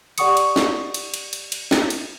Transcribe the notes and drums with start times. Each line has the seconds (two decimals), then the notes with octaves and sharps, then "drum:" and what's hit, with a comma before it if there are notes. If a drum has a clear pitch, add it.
0.18 G4 D5 F#5 C#6 D#6 C#7, drum: cymbal
0.37 drum: cymbal
0.56 drum: snare
0.94 drum: cymbal
1.14 drum: cymbal
1.33 drum: cymbal
1.52 drum: cymbal
1.71 drum: snare
1.90 drum: cymbal